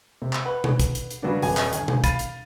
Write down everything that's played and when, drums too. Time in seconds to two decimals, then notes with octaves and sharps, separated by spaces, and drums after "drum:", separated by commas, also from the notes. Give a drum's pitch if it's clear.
0.22 C3
0.33 drum: clap
0.45 B4 F#5
0.64 drum: tom B2
0.80 drum: kick, hi-hat
0.95 drum: hi-hat
1.11 drum: hi-hat
1.23 C#3 F#3 G3 B3 D4
1.42 D#1 B3 G#5, drum: open hi-hat
1.57 drum: clap
1.73 G1 G#5, drum: hi-hat
1.88 drum: tom B2
2.04 F5 B5 A6 D#7, drum: kick, hi-hat
2.19 drum: hi-hat